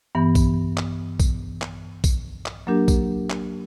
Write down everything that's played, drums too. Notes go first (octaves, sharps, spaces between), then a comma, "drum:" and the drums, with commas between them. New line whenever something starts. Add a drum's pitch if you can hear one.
G2 E3 B3
drum: kick A#1, tambourine
drum: clap
drum: kick A#1, tambourine
drum: clap
drum: kick A#1, tambourine
drum: clap
F#3 A#3 D4 G4 A#4
drum: kick A#1, tambourine
drum: clap